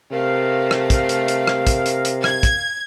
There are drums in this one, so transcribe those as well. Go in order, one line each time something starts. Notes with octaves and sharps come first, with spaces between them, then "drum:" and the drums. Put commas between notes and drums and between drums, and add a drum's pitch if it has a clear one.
C3 A3 A#4 F5
drum: rim click
drum: kick, hi-hat
drum: hi-hat
drum: hi-hat
drum: rim click
drum: kick, hi-hat
drum: hi-hat
drum: hi-hat
G#6, drum: rim click
drum: kick, hi-hat